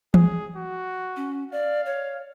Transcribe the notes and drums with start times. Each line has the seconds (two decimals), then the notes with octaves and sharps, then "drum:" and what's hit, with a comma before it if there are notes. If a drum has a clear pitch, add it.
0.14 G#4, drum: tom E3
0.55 F#4
1.16 C#4
1.52 D5 F5
1.86 C#5